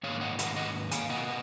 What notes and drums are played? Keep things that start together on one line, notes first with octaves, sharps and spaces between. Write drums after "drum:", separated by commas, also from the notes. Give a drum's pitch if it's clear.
G#2 D#3 A#3 C#5 F5
D#5 F#5
D#5 F#5, drum: hi-hat
D#5 F#5
F5 G#5, drum: hi-hat
B2 A#3 D#5 F#5